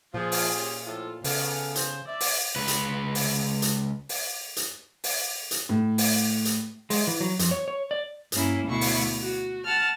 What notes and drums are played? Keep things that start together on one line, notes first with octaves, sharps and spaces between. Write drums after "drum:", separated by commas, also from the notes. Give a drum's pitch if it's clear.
A#2 F3 F4 G#4
drum: open hi-hat
C#4 G4 C5
A2 F3 F4 A4
C#3 B3 A4 F5, drum: open hi-hat
C5, drum: hi-hat
D5 E5
drum: open hi-hat
C#2 B4
drum: hi-hat
drum: open hi-hat
drum: hi-hat
drum: open hi-hat
drum: hi-hat
drum: open hi-hat
drum: hi-hat
A2
drum: open hi-hat
drum: hi-hat
G#3, drum: open hi-hat
E3
F#3
F2, drum: hi-hat
C#5
C#5
D5
G2 A#3 C#4 E4, drum: hi-hat
D2 B2 E4 C#6
drum: open hi-hat
F#4
F#5 A5 F6